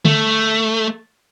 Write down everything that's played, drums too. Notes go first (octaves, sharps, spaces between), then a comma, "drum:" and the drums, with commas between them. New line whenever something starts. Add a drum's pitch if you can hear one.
A3, drum: tom